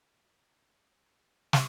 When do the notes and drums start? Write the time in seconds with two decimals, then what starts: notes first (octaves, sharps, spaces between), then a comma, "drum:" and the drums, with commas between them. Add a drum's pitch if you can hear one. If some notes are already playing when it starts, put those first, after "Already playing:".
0.18 E3 E4
1.53 drum: snare